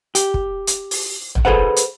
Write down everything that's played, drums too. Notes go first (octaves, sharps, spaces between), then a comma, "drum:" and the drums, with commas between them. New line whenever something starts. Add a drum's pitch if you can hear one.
G4, drum: hi-hat
drum: kick
drum: hi-hat
drum: open hi-hat
drum: tom
G#4 A4 B4 C5 F#5
drum: hi-hat